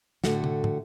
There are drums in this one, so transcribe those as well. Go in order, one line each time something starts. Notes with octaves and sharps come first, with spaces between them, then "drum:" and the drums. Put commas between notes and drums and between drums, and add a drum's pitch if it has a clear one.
A2 D3 A3 F#4, drum: snare
drum: tom
drum: tom